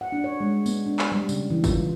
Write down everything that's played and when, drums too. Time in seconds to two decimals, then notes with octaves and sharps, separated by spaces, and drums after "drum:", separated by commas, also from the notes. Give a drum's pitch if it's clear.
0.01 F#5
0.12 D4
0.24 C#5
0.41 G#3
0.66 B3, drum: tambourine
0.86 D4
0.99 drum: clap
1.12 G3
1.29 C#3, drum: tambourine
1.50 E3
1.64 F4, drum: kick G#1, tambourine